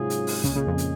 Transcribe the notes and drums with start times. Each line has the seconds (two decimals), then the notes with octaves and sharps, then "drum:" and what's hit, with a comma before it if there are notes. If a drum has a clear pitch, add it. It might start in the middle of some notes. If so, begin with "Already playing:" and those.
Already playing: G#2 C3 F#3 C#4 F4 G#4
0.10 drum: hi-hat
0.27 drum: open hi-hat
0.44 A#2 C#3 G#3 C#4 G#4, drum: kick, hi-hat
0.55 C#3
0.67 F2
0.78 drum: hi-hat